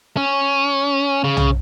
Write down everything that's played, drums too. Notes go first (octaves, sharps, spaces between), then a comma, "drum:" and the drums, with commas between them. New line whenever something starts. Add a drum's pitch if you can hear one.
C#4
C#3
drum: tom